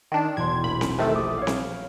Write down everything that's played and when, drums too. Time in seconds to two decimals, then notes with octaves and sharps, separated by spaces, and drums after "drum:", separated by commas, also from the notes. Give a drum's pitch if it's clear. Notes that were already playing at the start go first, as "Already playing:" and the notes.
0.12 D#3 D4
0.37 E1 C6 G#6
0.64 A#1 B5
0.81 drum: snare C4
0.99 C3 D#3 A3 A5 E6
1.15 A#1 D6 D#6
1.38 C#5 F5
1.47 drum: snare C4